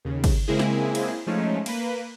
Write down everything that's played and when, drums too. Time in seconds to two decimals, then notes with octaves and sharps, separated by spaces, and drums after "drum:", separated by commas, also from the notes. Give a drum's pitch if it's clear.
0.05 D#2 C#3
0.24 drum: kick, cymbal
0.48 C#3 G#3 A#3 C4 E4 G#4
0.59 drum: snare
0.95 drum: cymbal
1.27 F3 G#3 A3 C#4 D#4
1.66 A#3 B4, drum: cymbal